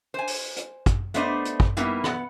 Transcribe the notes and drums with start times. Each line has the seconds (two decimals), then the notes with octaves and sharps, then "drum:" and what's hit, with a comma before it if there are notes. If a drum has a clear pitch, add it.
0.14 C5 G#5
0.27 drum: open hi-hat
0.57 drum: hi-hat
0.86 drum: kick, hi-hat
1.14 A3 B3 D4 C5 D5 D#5, drum: hi-hat
1.45 drum: hi-hat
1.60 drum: kick
1.77 G3 A#3 B3 D#4 E4, drum: hi-hat
2.04 B3 F#5, drum: rim click